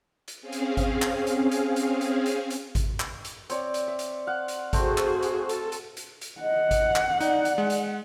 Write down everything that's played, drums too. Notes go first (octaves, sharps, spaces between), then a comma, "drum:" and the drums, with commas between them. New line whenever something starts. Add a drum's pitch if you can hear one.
drum: hi-hat
C4 C#4 G#4 F5
drum: hi-hat
drum: kick G#1, hi-hat
drum: clap
drum: hi-hat
drum: hi-hat
drum: hi-hat
drum: hi-hat
drum: hi-hat
drum: hi-hat
drum: kick G#1, hi-hat
drum: clap
drum: hi-hat
C4 C#5 D5, drum: hi-hat
drum: hi-hat
E5
drum: hi-hat
F5 F#5
drum: hi-hat
A3 C4 F#4 G#4 C5, drum: kick G#1, hi-hat
drum: clap
drum: hi-hat
A4, drum: hi-hat
drum: hi-hat
drum: hi-hat
drum: hi-hat
D#5 F#5
drum: kick G#1, hi-hat
drum: clap
D#4 D5, drum: hi-hat
drum: hi-hat
G#3
drum: hi-hat